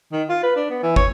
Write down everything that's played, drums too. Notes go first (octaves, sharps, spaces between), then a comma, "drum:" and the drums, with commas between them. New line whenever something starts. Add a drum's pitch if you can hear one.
D#3
F4
B4
D4
B3
E3
C#5, drum: kick